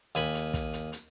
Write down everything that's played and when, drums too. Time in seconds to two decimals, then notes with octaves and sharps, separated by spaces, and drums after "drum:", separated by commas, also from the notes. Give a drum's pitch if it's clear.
0.15 D#2 G#5 B5, drum: hi-hat
0.34 drum: hi-hat
0.54 drum: kick, hi-hat
0.73 drum: hi-hat
0.92 drum: hi-hat